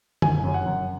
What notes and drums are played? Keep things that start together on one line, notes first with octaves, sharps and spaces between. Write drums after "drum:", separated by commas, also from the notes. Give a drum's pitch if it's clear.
F#1 G#5, drum: tom D3
F#2
F#5
F#2